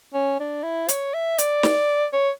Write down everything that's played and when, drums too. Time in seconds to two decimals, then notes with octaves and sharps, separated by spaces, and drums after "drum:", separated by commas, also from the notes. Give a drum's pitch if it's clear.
0.14 C#4
0.40 D4
0.63 E4
0.88 C#5, drum: hi-hat
1.14 E5
1.38 D5, drum: hi-hat
1.63 drum: snare
2.13 C#5